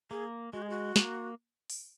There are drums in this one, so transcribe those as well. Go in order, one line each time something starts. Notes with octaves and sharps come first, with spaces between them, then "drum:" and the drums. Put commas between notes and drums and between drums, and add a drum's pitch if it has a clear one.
A#3 G#4
G#3 F#4
G#4
F#4
A#3, drum: snare
drum: open hi-hat